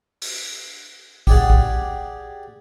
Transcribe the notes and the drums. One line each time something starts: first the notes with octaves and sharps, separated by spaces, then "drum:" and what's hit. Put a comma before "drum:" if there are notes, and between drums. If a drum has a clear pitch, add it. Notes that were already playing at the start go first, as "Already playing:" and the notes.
drum: open hi-hat
G4 G#4 D5 F#5, drum: kick
drum: kick